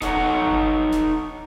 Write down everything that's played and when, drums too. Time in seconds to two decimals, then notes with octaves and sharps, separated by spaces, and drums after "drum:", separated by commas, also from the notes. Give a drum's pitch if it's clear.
0.02 D#4 A4 C#5 F5 F#5 A#5, drum: snare D#1
0.47 drum: kick G1
0.92 drum: snare D#1